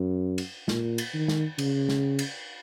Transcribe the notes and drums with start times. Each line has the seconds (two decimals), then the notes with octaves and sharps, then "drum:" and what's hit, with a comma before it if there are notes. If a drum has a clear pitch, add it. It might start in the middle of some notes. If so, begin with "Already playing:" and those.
Already playing: F#2
0.38 drum: cymbal
0.68 A#2, drum: snare
0.98 drum: cymbal
1.13 D#3
1.28 drum: snare
1.58 C#3, drum: cymbal
1.89 drum: snare
2.19 drum: cymbal